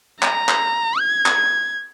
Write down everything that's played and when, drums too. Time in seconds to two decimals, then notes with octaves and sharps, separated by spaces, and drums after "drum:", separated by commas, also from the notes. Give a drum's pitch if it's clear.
0.22 A#5, drum: clap
0.49 drum: clap
0.99 G#6
1.26 drum: clap